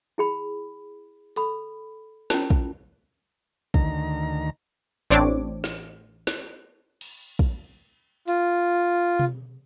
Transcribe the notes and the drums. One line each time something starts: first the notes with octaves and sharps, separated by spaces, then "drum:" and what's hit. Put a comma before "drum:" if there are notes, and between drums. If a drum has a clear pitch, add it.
E4 G#4 B5
A4 B5, drum: hi-hat
C#4 E4 F4 A#4 A5, drum: snare
drum: kick
D2 D#3 A#5, drum: kick
A1 C4 D4 C#5 D6
drum: snare
drum: snare
drum: cymbal
drum: kick
F4, drum: hi-hat
drum: tom B2